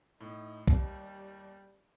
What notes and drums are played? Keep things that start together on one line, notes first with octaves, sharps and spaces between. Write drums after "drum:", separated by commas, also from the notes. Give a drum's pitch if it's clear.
A2 D#4
D#2 G3, drum: kick